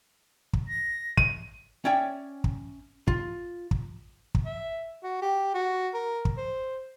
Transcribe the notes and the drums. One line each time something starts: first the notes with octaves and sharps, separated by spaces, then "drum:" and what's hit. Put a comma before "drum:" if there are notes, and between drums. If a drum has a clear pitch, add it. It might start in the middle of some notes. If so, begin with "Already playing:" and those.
drum: kick
A#6
D#7, drum: kick
C#4 C#5 D5 E5 G5 G#5
drum: kick
F4, drum: kick
drum: kick
drum: kick
E5
F#4
G4
F#4
A#4
drum: kick
C5